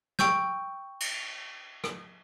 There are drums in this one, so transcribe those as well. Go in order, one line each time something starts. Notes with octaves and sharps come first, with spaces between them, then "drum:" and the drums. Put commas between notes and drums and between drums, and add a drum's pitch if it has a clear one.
G5 C#6 E6 G6, drum: snare
drum: cymbal
drum: rim click